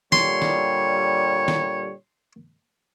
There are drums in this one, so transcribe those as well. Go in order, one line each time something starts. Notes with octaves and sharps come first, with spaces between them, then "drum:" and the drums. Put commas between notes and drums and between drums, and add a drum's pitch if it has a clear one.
A#2 D3 G3 C#5 C6, drum: snare
drum: snare
drum: snare